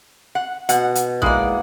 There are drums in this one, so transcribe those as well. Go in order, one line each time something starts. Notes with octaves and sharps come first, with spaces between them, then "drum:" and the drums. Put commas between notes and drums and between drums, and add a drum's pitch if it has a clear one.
F#5
B2 F#5, drum: hi-hat
drum: hi-hat
E3 G#3 A#3 D5 F#5, drum: kick